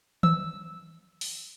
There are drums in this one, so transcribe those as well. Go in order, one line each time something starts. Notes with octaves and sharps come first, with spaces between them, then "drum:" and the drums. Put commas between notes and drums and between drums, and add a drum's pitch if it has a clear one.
E6, drum: tom D#3
drum: open hi-hat